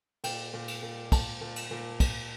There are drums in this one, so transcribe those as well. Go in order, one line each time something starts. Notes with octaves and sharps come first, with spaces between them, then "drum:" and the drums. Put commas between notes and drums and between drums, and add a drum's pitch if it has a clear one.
A#2 G5, drum: cymbal
A#2
drum: cymbal
A#2
A#2 A5, drum: kick, cymbal
A#2
drum: cymbal
A#2
A#2, drum: kick, cymbal